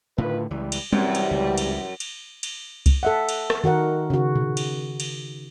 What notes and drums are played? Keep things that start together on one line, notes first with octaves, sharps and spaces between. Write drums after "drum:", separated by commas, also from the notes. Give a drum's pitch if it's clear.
A2 D3 D#3 F4 B4
C#2 E3 G3
drum: cymbal
F#2 C3 E3 G3 C4, drum: tom G3
drum: cymbal
C#2
drum: cymbal
drum: cymbal
drum: cymbal
drum: kick C2, cymbal
A4 E5 F#5
drum: cymbal
drum: rim click
D#3 F#4 A#4 F#5
C#3 F#4
drum: tom A#2
drum: cymbal
drum: cymbal